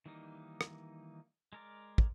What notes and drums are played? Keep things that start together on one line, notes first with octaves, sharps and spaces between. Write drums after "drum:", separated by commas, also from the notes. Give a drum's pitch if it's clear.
D#3 E3 G3 A#3 D#4
drum: rim click
G#3 A#4 D5
drum: kick